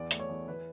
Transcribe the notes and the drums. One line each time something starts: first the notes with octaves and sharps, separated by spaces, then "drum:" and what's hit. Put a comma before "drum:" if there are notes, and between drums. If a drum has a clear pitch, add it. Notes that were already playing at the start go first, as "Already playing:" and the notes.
Already playing: E2 D5
A3, drum: hi-hat
C#5
E2
E3 B4